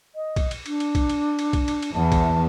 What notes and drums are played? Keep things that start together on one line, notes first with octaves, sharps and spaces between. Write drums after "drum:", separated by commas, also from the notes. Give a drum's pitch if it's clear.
D#5
drum: kick, cymbal
drum: cymbal
D4, drum: cymbal
drum: cymbal
drum: kick, cymbal
drum: cymbal
drum: cymbal
drum: kick, cymbal
drum: cymbal
drum: cymbal
E2 A5
drum: kick, cymbal